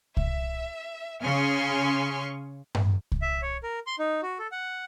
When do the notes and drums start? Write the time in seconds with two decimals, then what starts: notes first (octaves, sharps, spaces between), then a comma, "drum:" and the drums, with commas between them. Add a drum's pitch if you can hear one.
0.17 E5, drum: kick C2
1.23 C#3 G#5 C6 C#6 F6
2.75 drum: tom G2
3.12 drum: kick C2
3.22 E5
3.42 C#5
3.63 A#4
3.87 C6
3.99 D#4
4.23 F#4
4.39 A4
4.52 F#5